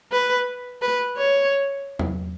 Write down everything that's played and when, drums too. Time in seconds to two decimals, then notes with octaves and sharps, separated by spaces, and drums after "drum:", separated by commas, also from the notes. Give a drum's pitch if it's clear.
0.12 B4
0.82 B4
1.17 C#5
1.99 drum: tom